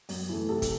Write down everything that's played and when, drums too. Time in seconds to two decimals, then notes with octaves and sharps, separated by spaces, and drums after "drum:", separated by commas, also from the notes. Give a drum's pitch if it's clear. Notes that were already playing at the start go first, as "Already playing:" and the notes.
0.09 F#2, drum: open hi-hat
0.29 E3 A3
0.49 C3 A4
0.62 drum: kick, hi-hat